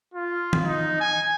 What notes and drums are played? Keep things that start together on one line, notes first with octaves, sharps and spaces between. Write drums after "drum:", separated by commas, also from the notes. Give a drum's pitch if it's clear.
F4
drum: tom D#3
D#4
G#5